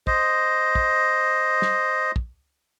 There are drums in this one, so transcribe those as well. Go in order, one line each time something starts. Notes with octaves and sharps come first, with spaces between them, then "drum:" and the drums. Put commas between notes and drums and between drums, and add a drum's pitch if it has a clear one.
C5 D#5, drum: kick
drum: kick
drum: snare
drum: kick